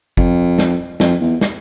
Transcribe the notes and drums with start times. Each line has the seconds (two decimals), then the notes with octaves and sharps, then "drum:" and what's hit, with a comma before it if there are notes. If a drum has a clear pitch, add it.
0.17 F2, drum: kick
0.59 drum: snare
1.00 F2, drum: snare
1.21 E2
1.41 drum: snare